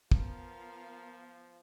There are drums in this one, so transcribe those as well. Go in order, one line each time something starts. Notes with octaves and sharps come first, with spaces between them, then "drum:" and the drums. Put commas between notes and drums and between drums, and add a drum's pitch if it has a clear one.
F3 B3 F4 A#4 F5, drum: kick